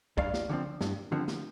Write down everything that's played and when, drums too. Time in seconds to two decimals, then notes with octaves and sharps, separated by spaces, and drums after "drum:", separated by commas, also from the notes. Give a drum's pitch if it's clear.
0.18 G2 D5 F5, drum: kick
0.34 drum: snare
0.49 D3 F3 C4
0.81 G2, drum: snare
1.12 D3 F3 C4
1.28 drum: snare